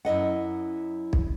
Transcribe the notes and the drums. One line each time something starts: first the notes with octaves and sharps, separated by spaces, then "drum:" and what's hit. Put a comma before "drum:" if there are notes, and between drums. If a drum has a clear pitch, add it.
F#2 E4 D#5 F#5
drum: kick B1